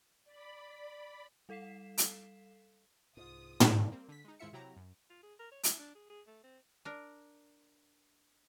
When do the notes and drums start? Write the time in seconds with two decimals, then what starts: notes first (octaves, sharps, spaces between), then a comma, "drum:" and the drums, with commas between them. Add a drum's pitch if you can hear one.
0.24 D5 B5
1.49 G3 A4 F5 B6 C7 E7
1.98 drum: hi-hat
3.17 C2 G#2 F4 D#6
3.60 drum: tom
3.91 G3 A#3 C4
4.08 D3 B6
4.24 G#3 D#4
4.39 D#2 G#2 E4 F4 E5 C#7
4.53 C3 F#3 E4 G4 A#5
4.76 F#2
5.10 F4
5.23 G#4
5.39 A#4
5.51 C#5
5.64 E4, drum: hi-hat
5.79 D4
5.95 G#4
6.09 G#4
6.27 A3
6.44 C4
6.85 D4 A#4